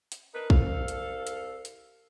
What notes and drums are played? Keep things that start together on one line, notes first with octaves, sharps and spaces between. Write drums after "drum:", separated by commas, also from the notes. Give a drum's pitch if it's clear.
drum: hi-hat
D4 D#4 A#4 B4
C2 A4 F5, drum: kick
drum: hi-hat
drum: hi-hat
drum: hi-hat